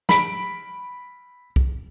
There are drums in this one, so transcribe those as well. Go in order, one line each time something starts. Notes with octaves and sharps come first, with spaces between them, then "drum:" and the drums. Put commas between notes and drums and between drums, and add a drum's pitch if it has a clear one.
B5 B6 D7, drum: snare
drum: kick